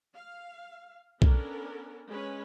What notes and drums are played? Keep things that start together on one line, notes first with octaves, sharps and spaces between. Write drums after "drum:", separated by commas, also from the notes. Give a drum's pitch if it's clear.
F5
B3 C#4 D4 A4 A#4, drum: kick B1
G#3 C#4 B4